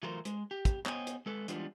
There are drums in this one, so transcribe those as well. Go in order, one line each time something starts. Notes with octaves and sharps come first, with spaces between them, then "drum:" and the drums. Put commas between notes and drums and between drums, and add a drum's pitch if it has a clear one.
E3 F#3 A3 F4 A#4 C5
G#3, drum: hi-hat
G4
drum: kick, hi-hat
B3 C5 C#5 D#5 G5 G#5, drum: clap
drum: hi-hat
G#3 A4 B4
E3 G3 G#3 B3 D4 F4, drum: hi-hat